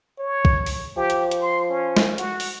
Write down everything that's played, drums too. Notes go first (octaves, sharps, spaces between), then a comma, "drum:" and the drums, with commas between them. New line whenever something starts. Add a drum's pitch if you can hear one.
C#5
drum: kick A#1
drum: open hi-hat
F3 G4
drum: hi-hat
drum: hi-hat
C6
C#4
drum: snare
F#4, drum: hi-hat
drum: open hi-hat